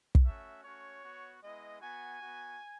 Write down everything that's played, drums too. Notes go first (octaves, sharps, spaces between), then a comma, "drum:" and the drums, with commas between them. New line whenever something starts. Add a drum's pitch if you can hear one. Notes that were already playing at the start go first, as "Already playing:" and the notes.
drum: kick
A3 C#4 F#4 E5
A3 C#4 F#4 C#5
B3 F#4
G#3 B3 E4 D#5
B3 F#4 G#5
B3 F#4